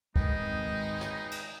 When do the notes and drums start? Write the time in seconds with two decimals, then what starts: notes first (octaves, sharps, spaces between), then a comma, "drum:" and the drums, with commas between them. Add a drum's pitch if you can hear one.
0.16 G#1 D#3 G#3 D#4 G#4 B4 G5, drum: kick
1.01 drum: snare
1.31 drum: cymbal